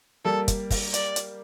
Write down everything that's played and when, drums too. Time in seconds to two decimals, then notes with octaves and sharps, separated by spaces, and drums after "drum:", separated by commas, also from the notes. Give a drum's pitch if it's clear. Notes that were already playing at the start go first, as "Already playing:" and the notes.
0.25 G3 A#3 A4
0.48 drum: kick, hi-hat
0.70 drum: kick, open hi-hat
0.94 D5, drum: hi-hat
1.16 drum: hi-hat